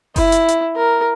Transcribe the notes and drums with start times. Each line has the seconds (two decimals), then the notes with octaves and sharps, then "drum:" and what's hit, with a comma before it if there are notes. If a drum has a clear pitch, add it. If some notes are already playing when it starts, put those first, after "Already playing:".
0.16 E4, drum: kick F#1, open hi-hat
0.32 drum: hi-hat
0.48 drum: hi-hat
0.76 A#4